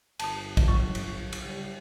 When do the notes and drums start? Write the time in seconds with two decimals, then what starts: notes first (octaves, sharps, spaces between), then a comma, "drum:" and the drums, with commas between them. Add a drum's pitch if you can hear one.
0.19 G1 A5 D#6, drum: cymbal
0.57 drum: kick, cymbal
0.68 C#3 F#3 F4 C#6
0.95 drum: cymbal
1.33 drum: cymbal
1.42 C#3 G3